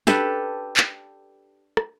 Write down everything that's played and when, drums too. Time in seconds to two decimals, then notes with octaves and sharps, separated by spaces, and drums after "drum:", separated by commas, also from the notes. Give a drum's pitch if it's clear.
0.07 D4 G4 A4 B4, drum: snare
0.77 drum: clap
1.77 drum: rim click